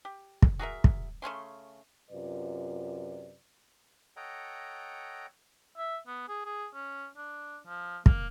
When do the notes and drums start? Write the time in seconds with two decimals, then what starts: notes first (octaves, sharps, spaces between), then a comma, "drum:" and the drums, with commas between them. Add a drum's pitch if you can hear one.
0.05 G4
0.42 drum: kick
0.59 F#4 G#4 A#4 E5
0.84 drum: kick
1.22 C#3 A3 C#4 C6
2.11 F#2 C3 F4 B4 D5
4.17 A4 C#5 D#5 F#5 G5 A#5
5.78 E5
6.07 B3
6.28 G#4
6.45 G#4
6.74 C#4
7.17 D4
7.67 F3
8.06 A#3, drum: kick